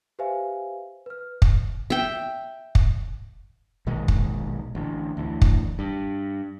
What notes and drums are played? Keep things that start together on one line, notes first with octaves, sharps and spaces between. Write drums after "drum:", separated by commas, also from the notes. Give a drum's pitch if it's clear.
G4 B4 C5 E5 F5 G#5
B4 F6
drum: kick
E5 G5
drum: kick
A#1 B2 D#3 G#3
drum: kick
A1 D3
D2 E3
drum: kick
G2